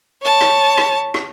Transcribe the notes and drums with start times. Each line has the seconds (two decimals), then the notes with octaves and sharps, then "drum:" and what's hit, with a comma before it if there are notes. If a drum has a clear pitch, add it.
0.22 C#5 A5
0.41 drum: rim click
0.77 drum: rim click
1.14 drum: rim click